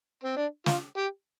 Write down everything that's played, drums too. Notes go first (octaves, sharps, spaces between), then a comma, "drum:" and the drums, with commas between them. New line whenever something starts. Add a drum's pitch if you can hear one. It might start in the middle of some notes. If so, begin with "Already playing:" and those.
C4
D4
F4, drum: snare
G4